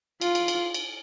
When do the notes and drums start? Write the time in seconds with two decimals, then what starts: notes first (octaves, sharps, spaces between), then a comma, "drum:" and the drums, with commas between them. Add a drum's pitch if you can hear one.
0.21 F4, drum: cymbal
0.35 drum: cymbal
0.48 drum: cymbal
0.74 drum: cymbal